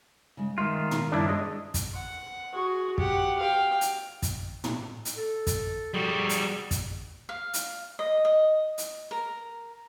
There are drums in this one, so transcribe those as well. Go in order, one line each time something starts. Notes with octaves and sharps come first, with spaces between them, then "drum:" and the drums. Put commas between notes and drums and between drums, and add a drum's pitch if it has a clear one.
C#3 G#3
D#3 G#3 F4 E5
drum: tom
G2 C#3 D4 E4
G#3 G#4 C#5 D#5
drum: kick, hi-hat
F#5
F#4 G#4
G4 F#5, drum: kick
F5 G5
drum: hi-hat
drum: kick, hi-hat
drum: tom
drum: hi-hat
A4
drum: kick, hi-hat
G3 F#4 G#4
drum: hi-hat
drum: kick, hi-hat
F5
drum: hi-hat
D#5
D#5
drum: hi-hat
A#4